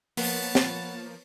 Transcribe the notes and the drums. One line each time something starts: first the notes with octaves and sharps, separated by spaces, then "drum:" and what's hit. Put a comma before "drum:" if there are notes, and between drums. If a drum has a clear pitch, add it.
F3 A#3 B3 C#5 A5, drum: open hi-hat
drum: snare